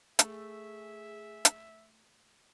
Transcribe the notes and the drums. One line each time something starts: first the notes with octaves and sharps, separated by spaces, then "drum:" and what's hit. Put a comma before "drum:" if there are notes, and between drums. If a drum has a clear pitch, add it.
A3 G#4 E5, drum: hi-hat
drum: hi-hat